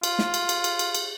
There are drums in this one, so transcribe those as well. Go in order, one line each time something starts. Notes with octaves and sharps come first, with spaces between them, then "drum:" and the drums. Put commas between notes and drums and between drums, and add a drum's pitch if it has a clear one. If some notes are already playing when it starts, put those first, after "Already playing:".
F4, drum: cymbal
drum: snare
drum: cymbal
drum: cymbal
drum: cymbal
drum: cymbal
drum: cymbal